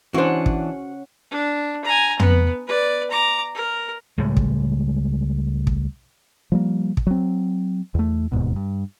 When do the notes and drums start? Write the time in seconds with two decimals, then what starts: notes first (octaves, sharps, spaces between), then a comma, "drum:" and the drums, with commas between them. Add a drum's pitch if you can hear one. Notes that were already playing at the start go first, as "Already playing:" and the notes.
0.14 E3 C#4 D4 F#4 C5 F#5
0.46 drum: kick
1.31 D4
1.84 G#5 A#5
2.19 B3, drum: tom
2.67 B4 D5
3.11 A#5 D6
3.55 A#4
4.18 C#2 A2 G3 G#3
4.37 drum: kick
5.67 drum: kick
6.52 F3 G3 A#3
6.97 drum: kick
7.07 F#3 C4
7.95 E2 A3
8.32 E1 D#2 G#2 B2
8.56 G2